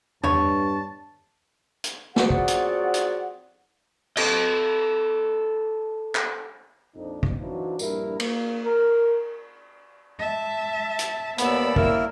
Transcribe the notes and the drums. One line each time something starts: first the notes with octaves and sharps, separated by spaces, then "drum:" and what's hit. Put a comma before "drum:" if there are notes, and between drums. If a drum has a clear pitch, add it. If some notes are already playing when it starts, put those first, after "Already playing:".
G2 B3 D4 C#5 A5 C#6, drum: tom E2
drum: hi-hat
F#3 C4 F4 G#4 D5 F#5, drum: snare
drum: kick
drum: hi-hat
drum: hi-hat
A4 D#5, drum: cymbal
drum: clap
A#1 F2 C4 D4 D#4
drum: kick
E3 F#3 C4 D4 D#4 F4
A#1 G2 G3 E4 A#4, drum: tambourine
A#3, drum: cymbal
A#4
E5 A5
drum: hi-hat
D#2 B3 D5 B5 E6, drum: hi-hat
A#3 E4 A#4, drum: kick